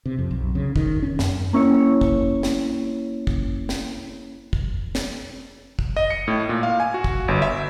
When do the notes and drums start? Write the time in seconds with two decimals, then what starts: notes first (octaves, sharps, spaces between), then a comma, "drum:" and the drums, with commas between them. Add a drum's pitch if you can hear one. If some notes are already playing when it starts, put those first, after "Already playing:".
0.06 C3
0.19 F2
0.31 B1
0.55 C#3
0.76 D#3, drum: kick
1.02 C#4
1.19 F#2, drum: snare
1.53 A#3 C#4 E4 C#5
2.01 drum: kick
2.43 drum: snare
3.27 drum: kick
3.69 drum: snare
4.53 drum: kick
4.95 drum: snare
5.79 drum: kick
5.96 D#5
6.10 C#7
6.28 A2
6.49 A#2
6.63 F5
6.80 G#5
6.94 F#4
7.04 drum: kick
7.28 G1
7.42 E5